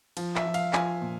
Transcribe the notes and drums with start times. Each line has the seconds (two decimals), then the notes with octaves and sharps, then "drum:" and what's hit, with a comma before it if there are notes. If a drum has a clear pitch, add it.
0.17 F3, drum: cymbal
0.35 E5, drum: clap
0.45 F3
0.54 F5, drum: cymbal
0.73 F3 G#5, drum: clap
1.02 A#2